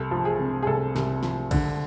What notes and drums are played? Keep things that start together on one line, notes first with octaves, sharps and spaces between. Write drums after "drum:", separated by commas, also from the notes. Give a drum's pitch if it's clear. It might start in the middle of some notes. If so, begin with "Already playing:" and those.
Already playing: C2 A4
F3
G#4
C3
G#4
C2 A4
C2, drum: snare
F3, drum: snare
D3, drum: kick, cymbal